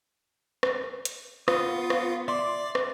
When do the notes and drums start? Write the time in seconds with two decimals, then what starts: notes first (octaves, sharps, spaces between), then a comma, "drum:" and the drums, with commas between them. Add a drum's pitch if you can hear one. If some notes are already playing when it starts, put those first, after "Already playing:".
0.63 drum: rim click
1.05 drum: hi-hat
1.48 B3 F4 D#6, drum: rim click
1.90 drum: rim click
2.28 D5 E5 C6 D6
2.75 drum: rim click